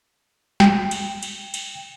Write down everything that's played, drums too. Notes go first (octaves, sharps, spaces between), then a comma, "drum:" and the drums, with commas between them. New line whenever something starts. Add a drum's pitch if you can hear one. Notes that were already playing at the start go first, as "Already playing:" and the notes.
G5, drum: snare
drum: cymbal
drum: cymbal
drum: cymbal